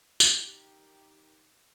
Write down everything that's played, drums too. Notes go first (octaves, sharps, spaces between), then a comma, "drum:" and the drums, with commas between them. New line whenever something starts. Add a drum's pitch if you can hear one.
D#3 G4, drum: tambourine